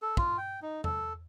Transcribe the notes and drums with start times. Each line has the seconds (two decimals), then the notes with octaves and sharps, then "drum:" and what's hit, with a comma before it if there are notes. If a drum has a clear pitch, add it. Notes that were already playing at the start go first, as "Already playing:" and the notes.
0.02 A4
0.17 F4, drum: kick
0.37 G5
0.62 D#4
0.84 A4, drum: tom E2